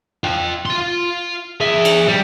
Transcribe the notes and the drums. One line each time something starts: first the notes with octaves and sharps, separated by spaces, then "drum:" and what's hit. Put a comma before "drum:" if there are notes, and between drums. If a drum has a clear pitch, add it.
F4 G5
F4 C6
G#4 E5
drum: cymbal
G3